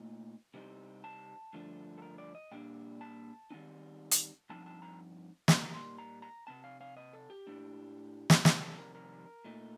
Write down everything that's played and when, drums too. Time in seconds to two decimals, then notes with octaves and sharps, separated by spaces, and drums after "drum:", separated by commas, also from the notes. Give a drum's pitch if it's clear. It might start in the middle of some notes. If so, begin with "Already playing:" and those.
Already playing: A#2 A3 D#4
0.54 C3 G3 C4 D#4
1.04 A5
1.53 G2 D3 F3 A3 D4
1.98 A4
2.02 A#4
2.18 D5
2.35 D#5
2.51 A#2 G3 A#3 D4 G5
3.01 A5
3.51 D#3 G3 C4 D#4
4.11 drum: hi-hat
4.50 G2 F3 C4 D#4 A5
4.66 A5
4.82 A#5
5.48 A#2 G3 A#3 D#4 C6, drum: snare
5.61 A#5
5.74 C6
5.98 A#5
6.22 A#5
6.47 C3 F3 C4 A5
6.64 F5
6.81 F5
6.97 D#5
7.13 A4
7.30 G4
7.47 A2 A3 D4
8.30 drum: snare
8.45 F2 C3 D#3 G3 C4 G4, drum: snare
8.61 A4
8.79 A#4
8.95 A#4
9.45 A#2 A3 D#4